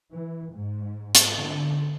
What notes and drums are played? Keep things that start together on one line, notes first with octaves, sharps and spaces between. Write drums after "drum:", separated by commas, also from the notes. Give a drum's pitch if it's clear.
E3
G#2
drum: hi-hat
D3